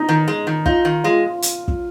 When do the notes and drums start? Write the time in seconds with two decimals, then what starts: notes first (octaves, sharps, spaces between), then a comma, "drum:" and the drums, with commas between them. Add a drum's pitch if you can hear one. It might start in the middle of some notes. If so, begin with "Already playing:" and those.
Already playing: D#4
0.09 D#3
0.28 G#3
0.47 D#3
0.66 D#4 F4, drum: kick
0.85 D#3
1.04 G#3 F4
1.42 drum: hi-hat
1.68 drum: kick